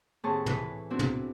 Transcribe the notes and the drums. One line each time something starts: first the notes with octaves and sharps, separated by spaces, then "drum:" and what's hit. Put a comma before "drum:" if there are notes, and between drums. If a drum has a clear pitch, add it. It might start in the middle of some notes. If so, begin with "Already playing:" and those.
D#2 A2 C4 G#4 A5 C#6
E3 B4, drum: tom
B3 C4 D4 E4 F#4
drum: tom